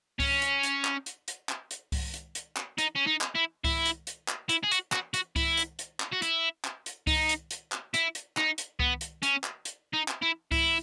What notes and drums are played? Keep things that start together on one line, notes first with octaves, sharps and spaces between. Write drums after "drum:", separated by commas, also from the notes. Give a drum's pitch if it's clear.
C#4, drum: kick C2, open hi-hat
drum: hi-hat
drum: hi-hat
drum: clap
drum: hi-hat
drum: hi-hat
drum: clap
drum: hi-hat
drum: kick C2, open hi-hat
drum: hi-hat
drum: hi-hat
drum: clap
D#4, drum: hi-hat
C#4
D#4
drum: clap
E4
E4, drum: kick C2, open hi-hat
drum: hi-hat
drum: hi-hat
drum: clap
E4, drum: hi-hat
G#4
F#4, drum: hi-hat
F#4, drum: clap
F#4, drum: hi-hat
E4, drum: kick C2, open hi-hat
drum: hi-hat
drum: hi-hat
drum: clap
F#4
E4, drum: hi-hat
drum: clap
drum: hi-hat
D#4, drum: kick C2, open hi-hat
drum: hi-hat
drum: hi-hat
drum: clap
E4, drum: hi-hat
drum: hi-hat
D#4, drum: clap
drum: hi-hat
B3, drum: kick C2
drum: hi-hat
C#4, drum: hi-hat
drum: clap
drum: hi-hat
D#4
drum: clap
E4
E4, drum: kick C2, open hi-hat